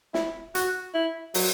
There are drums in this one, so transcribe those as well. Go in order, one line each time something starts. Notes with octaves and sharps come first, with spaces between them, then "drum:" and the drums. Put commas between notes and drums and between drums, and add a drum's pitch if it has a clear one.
E4, drum: snare
F#4, drum: hi-hat
E4
F#3, drum: open hi-hat